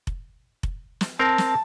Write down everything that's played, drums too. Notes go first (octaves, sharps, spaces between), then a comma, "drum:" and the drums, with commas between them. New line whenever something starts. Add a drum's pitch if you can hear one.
drum: kick F1
drum: kick F1
drum: snare
C4 A#4 A5
drum: snare